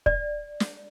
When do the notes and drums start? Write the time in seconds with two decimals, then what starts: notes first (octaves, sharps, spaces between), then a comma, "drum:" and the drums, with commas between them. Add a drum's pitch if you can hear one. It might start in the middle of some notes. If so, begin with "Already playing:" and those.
0.06 D5, drum: kick
0.60 drum: snare